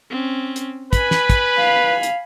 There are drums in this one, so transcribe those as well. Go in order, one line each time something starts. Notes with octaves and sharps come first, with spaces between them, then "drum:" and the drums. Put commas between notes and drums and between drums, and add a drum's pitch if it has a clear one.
C4 C#4
drum: hi-hat
B4 G#5 B5, drum: kick, hi-hat
drum: snare
drum: kick, hi-hat
F5
drum: hi-hat